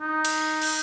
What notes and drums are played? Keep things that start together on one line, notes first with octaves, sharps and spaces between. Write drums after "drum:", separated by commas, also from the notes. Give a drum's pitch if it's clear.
D#4
drum: cymbal
drum: cymbal